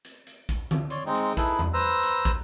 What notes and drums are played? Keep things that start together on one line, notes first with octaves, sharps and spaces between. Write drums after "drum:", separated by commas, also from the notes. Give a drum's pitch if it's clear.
drum: hi-hat
drum: hi-hat
drum: kick, hi-hat
drum: tom D3
C#5 D5 C6, drum: hi-hat
G#3 C4 D#4
drum: hi-hat
D#4 E4 G#4 A4 B4 B5, drum: kick, hi-hat
drum: tom E2
B4 C5 A#5 E6
drum: hi-hat
drum: kick, hi-hat